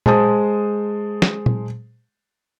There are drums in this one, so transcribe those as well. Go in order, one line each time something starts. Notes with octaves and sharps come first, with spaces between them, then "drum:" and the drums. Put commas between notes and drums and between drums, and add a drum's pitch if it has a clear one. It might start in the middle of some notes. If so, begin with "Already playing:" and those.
G#3 C5 A5 D#6, drum: tom A#2
drum: snare
drum: tom A#2